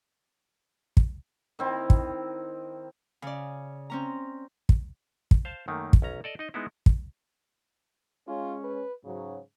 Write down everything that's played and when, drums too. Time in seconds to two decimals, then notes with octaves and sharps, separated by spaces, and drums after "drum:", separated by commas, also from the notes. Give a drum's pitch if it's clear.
0.97 drum: kick
1.59 D#3 C4 E4
1.90 drum: kick
3.22 C#3 D5
3.90 C4 C#4 A#5
4.69 drum: kick
5.31 drum: kick
5.45 C5 F5 A5
5.68 F#2 D#3 A3 A#3
5.93 drum: kick
6.02 B1 C#4 A#5
6.24 A4 D5 D#5
6.39 D#4 D#5
6.54 G#3 B3 D#4 E4
6.86 drum: kick
8.28 G#3 C#4 F4
8.64 B4
9.05 G#2 C#3 F#3